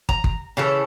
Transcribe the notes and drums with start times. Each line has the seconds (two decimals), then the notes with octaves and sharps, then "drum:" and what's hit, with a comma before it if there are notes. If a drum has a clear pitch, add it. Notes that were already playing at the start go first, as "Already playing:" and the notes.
0.09 A#5, drum: kick
0.24 drum: kick
0.57 C#3 E3 A4